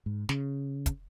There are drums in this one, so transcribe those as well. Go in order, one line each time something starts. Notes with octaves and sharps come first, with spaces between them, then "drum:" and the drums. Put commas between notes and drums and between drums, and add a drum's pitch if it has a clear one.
G#2
C#3, drum: snare
drum: kick, hi-hat